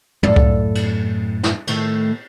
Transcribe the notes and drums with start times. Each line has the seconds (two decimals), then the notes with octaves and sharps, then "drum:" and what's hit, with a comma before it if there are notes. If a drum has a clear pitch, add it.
0.23 F#2 A2 A4 D5 F5, drum: tom
0.36 drum: kick C#2
0.75 drum: cymbal
1.43 drum: snare
1.67 A2 D#3 A3, drum: cymbal